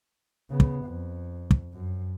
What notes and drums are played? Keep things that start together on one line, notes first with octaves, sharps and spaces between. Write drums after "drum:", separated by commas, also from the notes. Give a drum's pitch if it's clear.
C#3 B3
drum: kick
F2
drum: kick
F#2